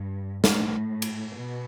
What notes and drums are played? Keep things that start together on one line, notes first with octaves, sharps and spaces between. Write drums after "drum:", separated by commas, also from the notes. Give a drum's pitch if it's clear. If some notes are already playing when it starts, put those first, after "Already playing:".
Already playing: G2
A2, drum: snare
drum: cymbal
B2